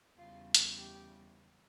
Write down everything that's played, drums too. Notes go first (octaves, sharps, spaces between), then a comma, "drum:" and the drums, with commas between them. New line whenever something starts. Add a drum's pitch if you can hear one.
E2 C#3 G3 F4
drum: hi-hat
G4